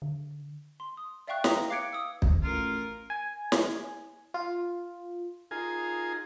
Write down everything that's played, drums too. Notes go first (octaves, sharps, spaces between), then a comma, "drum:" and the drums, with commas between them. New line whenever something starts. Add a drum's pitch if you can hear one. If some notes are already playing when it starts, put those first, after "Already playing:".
D3
C6
D#6
D5 E5 F5 G5 C#6 F#6
B4 A#5 D#6 A#6 B6 F7, drum: snare
F5 D6 F#6 G#6 C#7 D7
D#6 E6
drum: kick
A1 F4 A#4
G#5
drum: snare
F4
D#4 F4 G#4 A#4 G#5